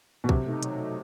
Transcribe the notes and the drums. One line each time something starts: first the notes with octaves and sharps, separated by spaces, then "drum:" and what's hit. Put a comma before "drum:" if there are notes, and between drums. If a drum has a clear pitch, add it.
B2
C3 F#3, drum: kick B1
A3 D#4
F#3, drum: hi-hat
A3 D#4